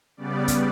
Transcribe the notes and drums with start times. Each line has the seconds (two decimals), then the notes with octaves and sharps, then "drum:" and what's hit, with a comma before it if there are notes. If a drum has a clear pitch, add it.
0.17 C#3 G3 B3 D5
0.48 drum: kick, hi-hat